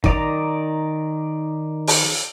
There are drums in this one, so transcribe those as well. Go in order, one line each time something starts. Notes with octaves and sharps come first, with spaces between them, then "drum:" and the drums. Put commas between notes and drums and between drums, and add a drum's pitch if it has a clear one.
D#3 D5 A#5, drum: kick
drum: open hi-hat